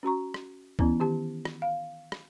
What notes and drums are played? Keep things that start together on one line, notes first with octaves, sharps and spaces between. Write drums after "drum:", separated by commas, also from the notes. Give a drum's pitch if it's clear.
C#4 F#4 A#5 C#6
drum: rim click
E3 B3 C#4 E4, drum: kick C#2
D#3 G4 A5
drum: rim click
F5
drum: rim click